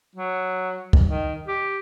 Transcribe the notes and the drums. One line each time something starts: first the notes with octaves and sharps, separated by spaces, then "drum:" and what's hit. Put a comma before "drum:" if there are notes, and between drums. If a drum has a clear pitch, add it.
F#3
drum: kick
D#3
G4